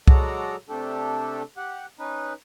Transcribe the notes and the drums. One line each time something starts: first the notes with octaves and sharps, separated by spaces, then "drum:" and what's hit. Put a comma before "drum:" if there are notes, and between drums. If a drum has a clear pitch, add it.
F#3 G#3 F#4 A4 D5 A#5, drum: kick C2
C3 A3 D4 G4 A4
G4 F#5
C#4 D#4 B4